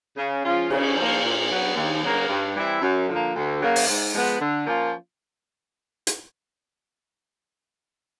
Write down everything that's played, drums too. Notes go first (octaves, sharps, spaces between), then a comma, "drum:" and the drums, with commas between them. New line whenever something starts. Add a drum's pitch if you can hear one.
C#3
F3 G#3 C#4 F4
C#3, drum: cymbal
F3 A#3
A#2
F#3 B3
D#2
C#3 F#3 A#3
G2
E3 G3 C4 E4
F#2
D3 F3 A#3
D2
C#3 F#3 A#3
drum: open hi-hat
G#2
F3 G#3 B3
D3
F3 A#3 C#4 F4
drum: hi-hat